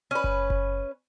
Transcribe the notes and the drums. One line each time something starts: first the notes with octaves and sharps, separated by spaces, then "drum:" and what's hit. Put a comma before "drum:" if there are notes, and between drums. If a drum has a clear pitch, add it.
C#4 B4
drum: kick F#1
drum: kick F#1